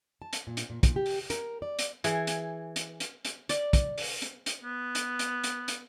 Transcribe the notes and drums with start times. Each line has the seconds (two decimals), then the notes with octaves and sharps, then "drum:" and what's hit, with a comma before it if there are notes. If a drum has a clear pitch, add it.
0.22 A5
0.33 drum: hi-hat
0.47 A#2
0.57 drum: hi-hat
0.70 A#2
0.83 A#2, drum: kick, hi-hat
0.96 G4
1.06 drum: open hi-hat
1.30 A#4, drum: hi-hat
1.62 D5
1.79 drum: hi-hat
2.04 E3 G#4, drum: hi-hat
2.27 drum: hi-hat
2.76 drum: hi-hat
3.00 drum: hi-hat
3.25 drum: hi-hat
3.49 D5, drum: hi-hat
3.73 drum: kick, hi-hat
3.98 drum: open hi-hat
4.22 drum: hi-hat
4.46 drum: hi-hat
4.64 B3
4.95 drum: hi-hat
5.19 drum: hi-hat
5.44 drum: hi-hat
5.68 drum: hi-hat